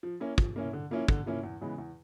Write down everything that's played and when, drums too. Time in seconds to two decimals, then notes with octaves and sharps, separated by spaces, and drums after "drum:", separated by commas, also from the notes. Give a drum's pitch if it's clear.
0.03 F3
0.20 A#3 C#4 E4
0.38 F3, drum: kick
0.56 A#3 C#4 E4
0.73 D3
0.91 F3 A#3 C#4 E4
1.08 D3, drum: kick
1.26 F3 A#3 C#4 E4
1.43 E2
1.61 C#3 E3 G#3 B3
1.78 E2